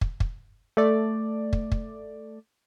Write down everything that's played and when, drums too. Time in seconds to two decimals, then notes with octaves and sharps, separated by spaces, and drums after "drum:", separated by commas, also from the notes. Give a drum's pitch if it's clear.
0.01 drum: kick
0.20 drum: kick
0.77 A3 D5
1.53 drum: kick
1.72 drum: kick